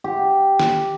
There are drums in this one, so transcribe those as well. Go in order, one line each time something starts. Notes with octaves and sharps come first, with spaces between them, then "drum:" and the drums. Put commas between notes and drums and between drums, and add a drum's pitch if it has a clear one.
G4
drum: snare